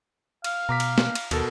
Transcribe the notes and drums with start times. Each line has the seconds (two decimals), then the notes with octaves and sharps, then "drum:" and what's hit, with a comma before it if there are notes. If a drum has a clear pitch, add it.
0.44 F5, drum: cymbal
0.69 B2 A#5 D6 B6
0.80 drum: cymbal
0.98 drum: snare A#3
1.15 drum: cymbal
1.31 D#2 B2 A4 A#4, drum: cymbal